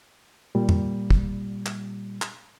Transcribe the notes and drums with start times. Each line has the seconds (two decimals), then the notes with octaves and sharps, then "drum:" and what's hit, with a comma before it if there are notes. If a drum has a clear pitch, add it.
0.55 A#2 G3
0.69 drum: tom F2
1.10 drum: kick
1.66 drum: clap
2.22 drum: clap